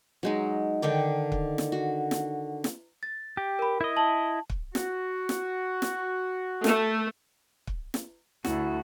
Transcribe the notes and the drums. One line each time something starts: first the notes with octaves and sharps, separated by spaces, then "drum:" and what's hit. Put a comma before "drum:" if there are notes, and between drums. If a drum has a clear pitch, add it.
F#3 G#3 D#4
D3 D#3 D4 G5
drum: kick
drum: snare
F#4
drum: snare
drum: snare
A6
G4
A#4 B5
E4 D#5
A5 F#7
drum: kick
F#4, drum: snare
drum: snare
drum: snare
A3, drum: snare
drum: kick
drum: snare
D2 E4 F#4, drum: snare